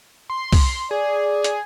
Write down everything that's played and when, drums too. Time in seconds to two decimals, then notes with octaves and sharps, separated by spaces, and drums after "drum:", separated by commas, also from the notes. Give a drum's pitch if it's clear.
0.30 C6
0.53 drum: kick, open hi-hat
0.91 G#4 D5
1.44 drum: hi-hat